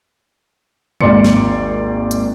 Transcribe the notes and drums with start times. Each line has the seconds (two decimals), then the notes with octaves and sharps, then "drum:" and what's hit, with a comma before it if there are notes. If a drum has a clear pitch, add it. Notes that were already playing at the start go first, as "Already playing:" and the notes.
1.01 G#1 D#2 G#2 D5 C6 C#7, drum: tom
1.24 drum: snare
2.11 drum: hi-hat